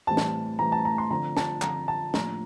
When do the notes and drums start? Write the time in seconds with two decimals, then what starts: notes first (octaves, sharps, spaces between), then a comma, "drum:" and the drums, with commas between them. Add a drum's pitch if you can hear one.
0.07 A2 E3 G3 C4 A5
0.17 drum: snare
0.59 A2 E3 G3 C4 A#5
0.72 A5
0.85 A#5
0.98 C6
1.10 D3 F3 C4 A#5
1.37 A5, drum: snare
1.62 D3 F3 C4 A#5, drum: clap
1.88 A5
2.14 A2 F3 A#3 D4 A#5, drum: snare